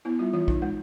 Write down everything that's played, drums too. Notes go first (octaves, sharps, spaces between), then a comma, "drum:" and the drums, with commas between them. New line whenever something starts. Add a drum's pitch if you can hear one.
B3 E4
G3 F4
E3 F4
D#4, drum: kick
G#3